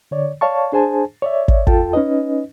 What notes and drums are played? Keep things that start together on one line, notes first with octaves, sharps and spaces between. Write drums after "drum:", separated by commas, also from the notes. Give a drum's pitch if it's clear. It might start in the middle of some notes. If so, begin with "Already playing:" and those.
D3 C#5 D5
C#5 D5 F5 A5 C#6
D4 G#4 C5 G#5 A5
C#5 D5 E5
drum: kick
E2 F4 A4 G5 A5, drum: kick
C#4 D#4 B4 D#5